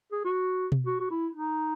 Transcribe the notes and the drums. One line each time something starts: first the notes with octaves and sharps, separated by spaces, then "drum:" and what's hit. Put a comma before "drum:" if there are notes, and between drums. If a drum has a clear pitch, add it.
G#4
F#4
drum: tom B2
F#4
F#4
E4
D#4